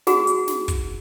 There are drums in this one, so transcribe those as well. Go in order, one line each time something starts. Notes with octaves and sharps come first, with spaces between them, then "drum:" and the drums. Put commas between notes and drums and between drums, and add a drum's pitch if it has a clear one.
F#4 G#4 F#5 A#5, drum: snare
drum: hi-hat
drum: snare
drum: kick, hi-hat